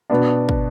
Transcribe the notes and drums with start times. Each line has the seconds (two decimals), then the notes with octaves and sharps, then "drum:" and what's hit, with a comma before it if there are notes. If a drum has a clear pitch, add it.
0.10 B2 B3 D4
0.49 drum: kick